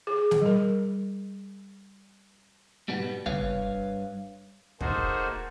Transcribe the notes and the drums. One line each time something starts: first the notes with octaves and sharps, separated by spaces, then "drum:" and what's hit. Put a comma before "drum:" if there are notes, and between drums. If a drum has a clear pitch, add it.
G#4
drum: snare
G3 A#4
G#2 B2 G3 B3
G2 B4 C#5 F5, drum: tom
A3 A#3 D#4 F#4 G#4 C5, drum: kick